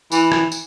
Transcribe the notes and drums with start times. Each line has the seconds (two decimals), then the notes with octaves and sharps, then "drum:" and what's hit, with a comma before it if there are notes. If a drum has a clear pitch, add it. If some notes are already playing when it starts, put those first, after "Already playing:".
0.12 E3, drum: tambourine
0.32 drum: rim click
0.52 drum: tambourine